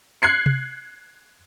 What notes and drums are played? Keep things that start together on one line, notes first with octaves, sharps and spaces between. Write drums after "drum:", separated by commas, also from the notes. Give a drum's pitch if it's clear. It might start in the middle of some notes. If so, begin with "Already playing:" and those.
F#6 G#6 C7 C#7
drum: tom C3